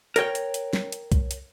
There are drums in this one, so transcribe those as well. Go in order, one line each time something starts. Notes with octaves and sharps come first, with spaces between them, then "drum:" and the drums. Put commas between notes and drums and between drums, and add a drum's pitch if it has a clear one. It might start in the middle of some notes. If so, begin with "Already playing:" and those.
A#4 C#5 G5, drum: hi-hat
drum: hi-hat
drum: hi-hat
drum: snare
drum: hi-hat
drum: kick, hi-hat
drum: hi-hat